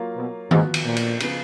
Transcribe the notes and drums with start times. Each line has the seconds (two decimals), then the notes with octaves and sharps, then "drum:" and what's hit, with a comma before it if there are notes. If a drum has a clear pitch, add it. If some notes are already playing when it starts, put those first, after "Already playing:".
Already playing: F#3 A#3 F4
0.17 B2
0.51 G#2 F3 B3 F#4, drum: tom D#3
0.74 drum: cymbal
0.85 A#2
0.97 drum: cymbal
1.20 C#3 F3 B3, drum: cymbal